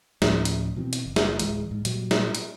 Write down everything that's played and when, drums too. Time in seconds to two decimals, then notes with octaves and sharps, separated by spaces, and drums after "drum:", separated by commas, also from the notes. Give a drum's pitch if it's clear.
0.22 D2 A2 F3 C#4, drum: snare
0.45 drum: hi-hat
0.76 B2 E3 C4
0.93 drum: hi-hat
1.06 F#1
1.16 drum: snare
1.40 D1 G#1 E3 G#3, drum: hi-hat
1.71 G#2
1.85 A#2 F#3 G3, drum: hi-hat
2.11 drum: snare
2.35 drum: hi-hat